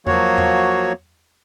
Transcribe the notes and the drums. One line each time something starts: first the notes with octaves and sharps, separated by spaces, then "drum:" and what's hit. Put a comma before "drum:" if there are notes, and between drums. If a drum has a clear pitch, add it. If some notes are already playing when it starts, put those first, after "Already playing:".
F3 F#3 A#3 F#4 C#5, drum: tom E2
drum: tom E2